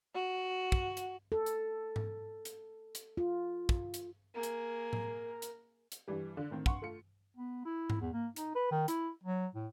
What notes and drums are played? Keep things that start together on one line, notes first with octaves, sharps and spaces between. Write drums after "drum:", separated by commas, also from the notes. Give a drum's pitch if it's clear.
F#4
drum: kick
drum: hi-hat
A4
drum: hi-hat
drum: tom G#2
drum: hi-hat
drum: hi-hat
F4
drum: kick
drum: hi-hat
A#3 G#4 A#4
drum: hi-hat
drum: tom A2
drum: hi-hat
drum: hi-hat
G2 E3 G3
D3
A2 D#3 C4
F#5 C6 C#6, drum: kick
A3 F4 C#7
B3
E4
drum: tom G#2
E2
A#3
D#4, drum: hi-hat
B4
D#3
E4, drum: hi-hat
F#3
A2